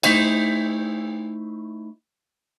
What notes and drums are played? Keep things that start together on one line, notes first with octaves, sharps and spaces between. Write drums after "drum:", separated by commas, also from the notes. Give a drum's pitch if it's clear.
A3 D#4 E4 C5 D#5, drum: cymbal